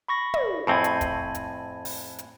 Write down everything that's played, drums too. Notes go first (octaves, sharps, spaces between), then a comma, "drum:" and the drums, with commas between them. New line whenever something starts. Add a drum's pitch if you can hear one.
B5 C#6 A#6
drum: tom
F2 A2 C4 G#5 B5 G#6
drum: hi-hat
drum: kick, hi-hat
drum: hi-hat
drum: open hi-hat
drum: hi-hat